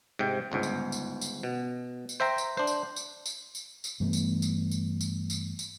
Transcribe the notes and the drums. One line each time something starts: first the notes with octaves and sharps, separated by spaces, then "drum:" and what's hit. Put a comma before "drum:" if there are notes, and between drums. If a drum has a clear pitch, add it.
G#2 C3 G5
G1 C#2 G#2
drum: tambourine
drum: tambourine
drum: tambourine
B2
drum: tambourine
C5 E5 G5 A#5
drum: tambourine
D4 C5
drum: tambourine
drum: tambourine
drum: tambourine
drum: tambourine
drum: tambourine
G2 E3 A3 B3
drum: tambourine
drum: tambourine
drum: tambourine
drum: tambourine
drum: tambourine
drum: tambourine